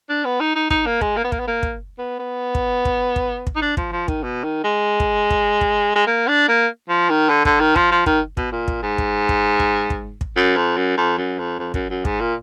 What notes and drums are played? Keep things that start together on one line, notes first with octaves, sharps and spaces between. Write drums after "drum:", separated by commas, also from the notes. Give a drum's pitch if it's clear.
D4
B3
D#4
D#4
D#4, drum: kick
A#3
G#3, drum: kick
A#3
B3
A#3, drum: kick
B3
A#3
drum: kick
B3
B3
drum: kick
drum: kick
drum: kick
drum: kick
D#4
D4
F3, drum: kick
F3
D#3, drum: kick
B2
D#3
G#3
drum: kick
drum: kick
drum: kick
G#3
A#3
D4
A#3
F3
D#3
D3
D3, drum: kick
D#3
F3, drum: kick
F3
D#3, drum: kick
B2, drum: kick
A#2
drum: kick
G#2
drum: kick
drum: kick
drum: kick
drum: kick
drum: kick
F#2
F2
F#2
F2
F#2
F2
F2
F#2, drum: kick
F#2
G#2, drum: kick
A#2